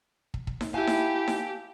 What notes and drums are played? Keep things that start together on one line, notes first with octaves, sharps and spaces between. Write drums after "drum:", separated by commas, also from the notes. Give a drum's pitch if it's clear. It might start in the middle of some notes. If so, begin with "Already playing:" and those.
drum: kick
drum: kick
drum: snare D#4
E4 G4 F5 G#5 A5
drum: snare D#4
drum: snare D#4